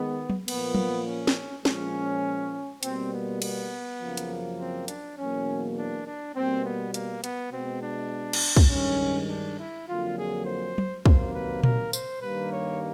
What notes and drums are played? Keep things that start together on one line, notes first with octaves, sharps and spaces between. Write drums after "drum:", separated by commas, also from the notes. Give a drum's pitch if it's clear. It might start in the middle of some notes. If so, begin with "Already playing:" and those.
Already playing: D#3 G#3 B3
drum: tom
A#2 F3 A#3 B3, drum: cymbal
drum: tom
C#4
drum: snare
A#2 F3 G#3 C#4, drum: snare
B2 G3 A#3 C4, drum: hi-hat
B3
B3, drum: cymbal
F#2 C#3 F3 A#3
drum: hi-hat
C4
D4, drum: hi-hat
E2 B2 F#3 A#3 C#4
D4
D4
B2 G3 A#3 C4
B3
A#3, drum: hi-hat
B3, drum: hi-hat
B2 G#3 C4
D4
drum: cymbal
drum: kick
G2 D#3 G#3 C#4
D4
E4
F2 D3 F#3 A#3 F4
G#4
C5
drum: tom
C3 D#3 F#3 A#3 C5, drum: kick
B4
A#4, drum: tom A#2
C5, drum: tambourine
G2 D#3 G3 A#3 B4
C#5